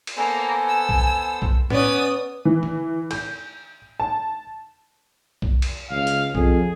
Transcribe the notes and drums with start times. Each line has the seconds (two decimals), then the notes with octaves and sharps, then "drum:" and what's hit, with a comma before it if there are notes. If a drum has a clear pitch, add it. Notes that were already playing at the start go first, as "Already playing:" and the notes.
0.07 drum: cymbal
0.17 A#3 B3 A4 C5 G#5
0.68 E6
0.89 drum: kick B1
1.42 drum: kick B1
1.70 B3 C#4 D5 D#6, drum: tom A2
2.45 E3
2.63 drum: tom D3
3.11 G6, drum: cymbal
4.00 A5
5.42 drum: kick B1
5.62 drum: cymbal
5.91 C#2 F5
6.07 drum: hi-hat
6.35 F2 G#4, drum: kick B1